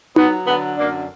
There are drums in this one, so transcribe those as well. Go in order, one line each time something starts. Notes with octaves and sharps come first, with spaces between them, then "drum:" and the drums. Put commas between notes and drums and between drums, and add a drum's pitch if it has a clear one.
F#3 B3, drum: tom D#4
D3 B3
F#2 A#3 D4